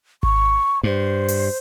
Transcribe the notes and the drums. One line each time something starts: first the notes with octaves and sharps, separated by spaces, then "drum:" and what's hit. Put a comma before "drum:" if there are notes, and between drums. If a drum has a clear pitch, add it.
C#6, drum: kick G#1
G2 C5
drum: open hi-hat